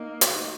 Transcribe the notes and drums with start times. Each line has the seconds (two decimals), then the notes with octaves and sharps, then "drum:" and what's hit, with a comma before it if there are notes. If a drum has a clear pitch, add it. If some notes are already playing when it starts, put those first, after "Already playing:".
Already playing: A#3 D#4
0.21 F#4, drum: hi-hat
0.36 D#4